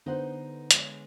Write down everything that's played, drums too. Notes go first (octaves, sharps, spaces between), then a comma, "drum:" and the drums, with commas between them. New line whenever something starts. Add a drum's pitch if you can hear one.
D3 B3 D#4 C5 F#5
G#3 C#5, drum: hi-hat